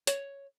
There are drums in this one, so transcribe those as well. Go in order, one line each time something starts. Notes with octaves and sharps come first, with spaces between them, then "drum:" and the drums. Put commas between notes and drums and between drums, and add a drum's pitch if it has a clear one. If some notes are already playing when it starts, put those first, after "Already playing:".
C#5, drum: hi-hat